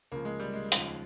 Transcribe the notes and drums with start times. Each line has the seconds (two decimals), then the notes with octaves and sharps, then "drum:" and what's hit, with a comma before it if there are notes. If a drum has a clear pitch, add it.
0.12 C#2 C#3 F3 A#3
0.25 G#3
0.40 G3
0.53 G#3
0.72 D#2 C#3 F3, drum: hi-hat